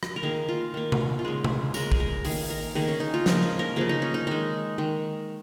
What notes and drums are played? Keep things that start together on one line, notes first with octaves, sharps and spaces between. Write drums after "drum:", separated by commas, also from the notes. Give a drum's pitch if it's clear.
drum: rim click
A#4
D#3 A#3 G#4
F4
D#3 A#3
drum: tom C3
F4
C#3 G#3 G#4
drum: tom C3
C#3 G#3 A#4, drum: tambourine
G#4, drum: kick
A#4
D#3 A#3 G#4, drum: open hi-hat
A#4
D#3 A#3 G#4
C#4
D#4
F4
C#3 F3 A#3, drum: snare
C#4
A#4
C#3 F3 A#3 G#4
D#4
C#4
D#4
D#3 G#3 D#4
D#3 G#3